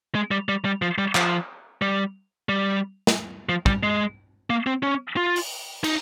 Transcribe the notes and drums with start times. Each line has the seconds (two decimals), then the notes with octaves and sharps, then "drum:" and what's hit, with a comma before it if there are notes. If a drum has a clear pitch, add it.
0.15 G#3
0.31 G3
0.49 G3
0.65 G3
0.82 F3
0.98 G3
1.15 F3, drum: clap
1.82 G3
2.49 G3
3.07 drum: snare
3.49 F3
3.66 G3, drum: kick
3.83 G#3
4.50 A#3
4.67 C4
4.83 C#4
5.17 F4
5.36 drum: open hi-hat
5.84 D#4, drum: cymbal